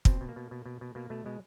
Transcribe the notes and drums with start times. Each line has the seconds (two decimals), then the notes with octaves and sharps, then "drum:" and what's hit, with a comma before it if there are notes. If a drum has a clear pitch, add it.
0.05 B2 C4, drum: kick
0.21 B2
0.29 A#3
0.36 B2
0.51 B2
0.66 B2
0.81 B2
0.95 B2 A#3
1.10 B2 A3
1.26 B2 G#3